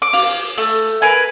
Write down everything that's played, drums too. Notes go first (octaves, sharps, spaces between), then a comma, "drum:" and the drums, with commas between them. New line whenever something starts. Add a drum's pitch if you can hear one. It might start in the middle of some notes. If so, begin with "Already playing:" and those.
D6
F5, drum: open hi-hat
A3
A#4 B4 G#5